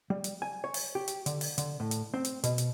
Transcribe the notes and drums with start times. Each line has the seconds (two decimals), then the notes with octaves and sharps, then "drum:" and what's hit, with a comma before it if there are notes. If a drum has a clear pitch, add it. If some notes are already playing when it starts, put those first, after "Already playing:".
0.10 G3
0.24 drum: hi-hat
0.42 G#5
0.64 C#5
0.74 drum: open hi-hat
0.95 G4
1.08 drum: hi-hat
1.26 D3, drum: hi-hat
1.41 drum: open hi-hat
1.58 D3, drum: hi-hat
1.80 A2
1.91 drum: hi-hat
2.14 C4
2.25 drum: hi-hat
2.44 B2, drum: hi-hat
2.58 drum: hi-hat